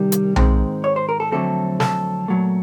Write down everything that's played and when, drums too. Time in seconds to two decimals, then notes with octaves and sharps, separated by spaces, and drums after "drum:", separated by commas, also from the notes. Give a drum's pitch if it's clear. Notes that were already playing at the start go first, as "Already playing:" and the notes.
Already playing: C2 C3 D#3 G3
0.12 drum: hi-hat
0.36 G#2 D#3 G#3 C4, drum: tom B1
0.84 C#5
0.96 C5
1.09 A#4
1.20 A4
1.32 F2 D3 F#3 A3 C4 A4
1.80 A4, drum: snare
2.28 A#2 F#3 A3